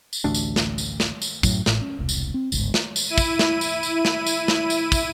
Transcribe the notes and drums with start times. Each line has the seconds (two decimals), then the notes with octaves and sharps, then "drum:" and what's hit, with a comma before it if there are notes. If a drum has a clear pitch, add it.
0.13 drum: tambourine
0.24 A1 D2 D4
0.34 drum: tambourine
0.56 drum: snare
0.78 drum: tambourine
1.00 drum: snare
1.22 drum: tambourine
1.43 F#2 A2 F#3, drum: kick, tambourine
1.66 A1 A2 A3, drum: snare
1.81 C#4
1.99 E1 C2
2.09 drum: tambourine
2.34 C4
2.52 G1 C#2 G#2, drum: tambourine
2.74 drum: snare
2.96 drum: tambourine
3.08 E4 D#7
3.18 drum: kick, tambourine
3.39 drum: snare
3.61 drum: tambourine
3.83 drum: tambourine
4.05 drum: snare
4.26 drum: tambourine
4.48 drum: snare
4.70 drum: tambourine
4.92 drum: kick, tambourine